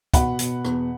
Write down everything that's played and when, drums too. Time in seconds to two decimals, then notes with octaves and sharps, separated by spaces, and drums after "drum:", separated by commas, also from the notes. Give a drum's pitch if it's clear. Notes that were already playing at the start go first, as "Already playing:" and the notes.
0.14 B2 F#5 B5, drum: kick, hi-hat
0.39 B2, drum: hi-hat
0.65 E2, drum: rim click